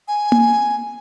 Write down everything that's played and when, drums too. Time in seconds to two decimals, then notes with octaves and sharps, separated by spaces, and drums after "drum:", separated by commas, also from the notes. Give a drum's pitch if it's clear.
0.08 G#5
0.32 drum: tom A#3